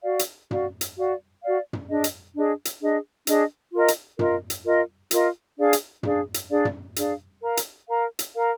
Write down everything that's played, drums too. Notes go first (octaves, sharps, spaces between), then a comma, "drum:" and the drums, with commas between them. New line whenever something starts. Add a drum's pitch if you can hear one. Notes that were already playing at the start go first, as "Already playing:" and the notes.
F#4 D5 F5
drum: hi-hat
F#4 D5 F5, drum: tom
drum: hi-hat
F#4 D5 F5
F#4 D5 F5
drum: tom
D4 G#4 D#5
drum: hi-hat
D4 G#4 D#5
drum: hi-hat
D4 G#4 D#5
D4 G#4 D#5, drum: hi-hat
F4 A#4 D#5
drum: hi-hat
F4 A#4 D#5, drum: tom
drum: hi-hat
F4 A#4 D#5
F4 A#4 D#5, drum: hi-hat
D4 G#4 D5 F5
drum: hi-hat
D4 G#4 D5 F5, drum: tom
drum: hi-hat
D4 G#4 D5 F5
drum: tom
D4 G#4 D5 F5, drum: hi-hat
A#4 F5 A#5
drum: hi-hat
A#4 F5 A#5
drum: hi-hat
A#4 F5 A#5